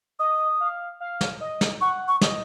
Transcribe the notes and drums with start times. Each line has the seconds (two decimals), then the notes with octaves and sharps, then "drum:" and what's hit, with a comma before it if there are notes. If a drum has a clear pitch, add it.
0.19 D#5 D#6
0.60 F5
1.00 F5
1.21 drum: snare
1.41 D#5
1.61 drum: snare
1.81 F#5 C#6
2.08 C#6
2.21 D#5, drum: snare